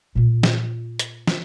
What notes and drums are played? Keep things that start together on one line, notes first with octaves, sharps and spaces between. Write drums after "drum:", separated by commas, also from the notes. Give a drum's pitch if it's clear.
A#2 F4
drum: snare
drum: hi-hat
drum: snare